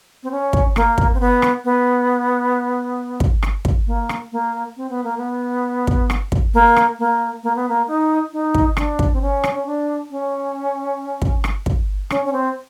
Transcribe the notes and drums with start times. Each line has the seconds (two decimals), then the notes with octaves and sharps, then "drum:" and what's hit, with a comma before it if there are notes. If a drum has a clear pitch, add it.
0.23 C4
0.31 C#4
0.53 drum: kick
0.76 A#3, drum: rim click
0.98 drum: kick
1.14 C4
1.20 B3
1.42 drum: rim click
1.64 B3
3.20 drum: kick
3.43 drum: rim click
3.65 drum: kick
3.87 A#3
4.09 drum: rim click
4.32 A#3
4.77 C4
4.90 B3
5.04 A#3
5.17 B3
5.87 drum: kick
6.10 drum: rim click
6.32 drum: kick
6.54 A#3
6.76 drum: rim click
6.99 A#3
7.43 A#3
7.56 B3
7.69 A#3
7.88 D#4
8.33 D#4
8.54 drum: kick
8.77 D4, drum: rim click
8.99 drum: kick
9.13 C4
9.22 C#4
9.44 drum: rim click
9.54 C#4
9.66 D4
10.10 C#4
11.22 drum: kick
11.44 drum: rim click
11.66 drum: kick
12.10 C#4, drum: rim click
12.25 C#4
12.33 C4